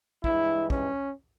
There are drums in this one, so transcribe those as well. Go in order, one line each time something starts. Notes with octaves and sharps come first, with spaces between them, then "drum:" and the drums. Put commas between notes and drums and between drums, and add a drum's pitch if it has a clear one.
G2 E3 G#3 E4, drum: kick
C#4, drum: kick